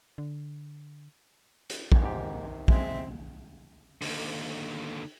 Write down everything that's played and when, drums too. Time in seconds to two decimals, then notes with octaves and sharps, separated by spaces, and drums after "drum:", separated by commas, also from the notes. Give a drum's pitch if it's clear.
0.18 D3
1.70 drum: hi-hat
1.92 drum: kick
2.03 G#2 C3 D#3 G4
2.68 G#3 C4 E5, drum: kick
4.02 D#2 D3, drum: open hi-hat